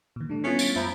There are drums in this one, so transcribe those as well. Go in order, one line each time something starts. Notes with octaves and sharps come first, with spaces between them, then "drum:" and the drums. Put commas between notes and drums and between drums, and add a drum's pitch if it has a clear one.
A#2 D#3
G3 A3 D4
B3 C#4 E4 F4 B6
A6 D7, drum: tambourine
F#2 F3 E5 A#5 B5